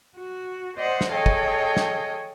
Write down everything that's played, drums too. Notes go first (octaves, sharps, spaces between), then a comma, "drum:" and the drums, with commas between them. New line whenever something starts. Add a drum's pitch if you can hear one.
F#4
C5 D5 D#5 F#5
drum: snare
G#4 A4 C#5 D#5 F5 G5
drum: kick
drum: snare